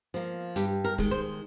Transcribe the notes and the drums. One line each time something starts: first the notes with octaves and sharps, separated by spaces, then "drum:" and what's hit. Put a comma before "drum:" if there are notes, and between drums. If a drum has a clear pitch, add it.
F3 A#3
G2 G4, drum: hi-hat
A#4
D#3 G#3, drum: kick, open hi-hat
C5